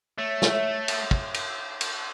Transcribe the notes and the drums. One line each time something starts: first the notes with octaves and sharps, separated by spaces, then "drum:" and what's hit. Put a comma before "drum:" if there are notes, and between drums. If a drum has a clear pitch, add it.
A3 C#5
C#5
C#5, drum: snare
C#5 E5
C#5 E5
drum: cymbal
drum: kick
drum: cymbal
drum: cymbal